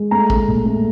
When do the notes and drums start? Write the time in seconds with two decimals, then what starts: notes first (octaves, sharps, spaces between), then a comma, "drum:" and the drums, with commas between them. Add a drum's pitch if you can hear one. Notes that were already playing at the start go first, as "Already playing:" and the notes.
Already playing: G#3
0.11 A3 A#5
0.30 A3, drum: kick A1
0.48 A#2
0.66 A3